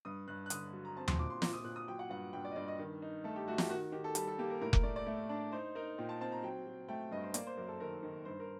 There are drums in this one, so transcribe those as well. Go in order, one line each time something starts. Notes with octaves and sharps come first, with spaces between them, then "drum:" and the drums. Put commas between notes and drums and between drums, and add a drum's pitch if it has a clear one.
G2 D#6
G2 F#6
F#6
D3 D#6, drum: hi-hat
F#3
A#5
C4 A5
C6, drum: tom D#2
A#2 D6
C6
A#2 D6, drum: snare
D#6
A#2 F#6
D#6
F#3 G5
F#5
G2 F#5
G2 G5
D5
D#5
G2 D5
D#5
D#3
D#4
A3 A4
G4
A3 F#4
G4, drum: snare
D#3 F#4
D#3 G4
A4
G3 A4, drum: hi-hat
A4
A#3 G4
A#4
A2 A#4
A#4, drum: kick F1
A3 D5
D5
A3
D4
D#4 C5
D#4 A#4
A#2 G5
A5
C4 A5
A#5
F#3 G5
F#3
A3 G5
G2 D#5
C5
A#3 D5, drum: hi-hat
C5
F#2 A#4
A4
D#3 A#4
D#3
G2 C5
A#4